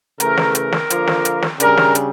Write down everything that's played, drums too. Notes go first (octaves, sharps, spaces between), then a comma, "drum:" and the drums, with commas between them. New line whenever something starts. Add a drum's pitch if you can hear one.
C#3 E3 A3 A#4, drum: hi-hat
drum: snare
A#4, drum: hi-hat
drum: snare
D3 F3 A#3, drum: hi-hat
drum: snare
drum: hi-hat
drum: snare
C#3 G3 D4 A#4, drum: hi-hat
drum: snare
drum: hi-hat